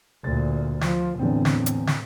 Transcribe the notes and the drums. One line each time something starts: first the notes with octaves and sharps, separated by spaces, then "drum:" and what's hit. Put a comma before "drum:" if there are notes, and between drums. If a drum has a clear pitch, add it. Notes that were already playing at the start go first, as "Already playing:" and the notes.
D2 A#2 A6
F3, drum: snare
E2 A2 D3 C4
drum: snare
drum: hi-hat
drum: snare